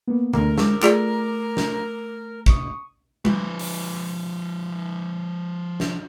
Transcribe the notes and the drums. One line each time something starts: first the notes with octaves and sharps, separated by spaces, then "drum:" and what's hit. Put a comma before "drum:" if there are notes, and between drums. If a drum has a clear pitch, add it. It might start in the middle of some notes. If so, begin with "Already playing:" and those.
A#3 B3
D2 A3 D4 A#4, drum: tom D3
G#3 D6 E6, drum: snare
A3 F4 G#4 D5, drum: clap
drum: snare
C#6 D#6, drum: kick
F3 B4, drum: tom G3
drum: open hi-hat
drum: snare